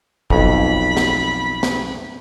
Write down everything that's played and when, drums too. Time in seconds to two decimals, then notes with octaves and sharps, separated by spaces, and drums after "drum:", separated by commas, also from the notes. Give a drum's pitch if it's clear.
0.30 B1 F2 B5, drum: kick
0.97 drum: snare
1.63 drum: snare